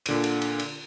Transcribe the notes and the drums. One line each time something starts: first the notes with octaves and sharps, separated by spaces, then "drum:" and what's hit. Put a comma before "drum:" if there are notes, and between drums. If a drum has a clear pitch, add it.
A#2 D3 D7 D#7, drum: cymbal
drum: cymbal
drum: cymbal
drum: cymbal